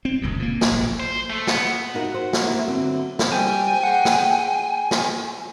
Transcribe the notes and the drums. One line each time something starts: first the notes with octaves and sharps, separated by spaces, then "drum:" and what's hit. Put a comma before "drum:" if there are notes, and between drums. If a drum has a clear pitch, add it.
C4
D#1 C#2 F#2
A#2 A#3
drum: snare
D1 A#1
C5
A3
B3, drum: snare
D#4 F4 F#4 A#4
C5
drum: snare
A#3 E4
D3 F#3 C4 F#4
drum: snare
G3 C5 G5 G#5
G#4 F#5
drum: snare
drum: snare